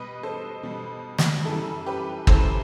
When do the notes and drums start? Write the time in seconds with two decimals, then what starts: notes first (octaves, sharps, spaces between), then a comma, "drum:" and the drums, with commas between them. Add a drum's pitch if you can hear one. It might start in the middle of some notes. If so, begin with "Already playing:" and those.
Already playing: B2 G3 B4 D#5
0.23 A4 C5
0.63 B2 G3
1.18 drum: snare
1.45 F#2 E3 G3 A4
1.86 G4 B4
2.27 F#2 E3 G3 A4 C5, drum: kick